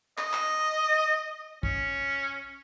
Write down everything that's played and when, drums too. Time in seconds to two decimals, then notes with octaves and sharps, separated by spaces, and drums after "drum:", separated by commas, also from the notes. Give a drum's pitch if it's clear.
0.18 D#5, drum: clap
0.33 drum: clap
1.63 C#4, drum: kick